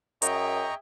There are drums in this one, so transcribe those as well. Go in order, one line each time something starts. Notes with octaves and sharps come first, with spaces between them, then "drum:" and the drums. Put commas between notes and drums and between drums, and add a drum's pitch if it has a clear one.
F#2 G#4 D#5 E5 G5 A#5 C#6, drum: hi-hat